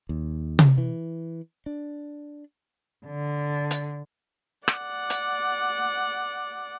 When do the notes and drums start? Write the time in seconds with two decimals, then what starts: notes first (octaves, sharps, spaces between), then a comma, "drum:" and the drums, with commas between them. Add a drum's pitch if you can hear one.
0.09 D#2
0.59 drum: tom C3
0.78 E3
1.66 D4
3.06 D3
3.71 drum: hi-hat
4.68 D5 F#5, drum: rim click
5.10 drum: hi-hat